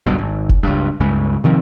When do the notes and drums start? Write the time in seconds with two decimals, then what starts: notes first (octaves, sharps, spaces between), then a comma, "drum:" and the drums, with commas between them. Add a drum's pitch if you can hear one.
0.06 F#1 B1 G2 B2
0.18 G#1
0.49 drum: kick F1
0.63 C#2 G2
1.00 C#2 G2 C#3 G#3
1.44 C3 D#3 F3 C4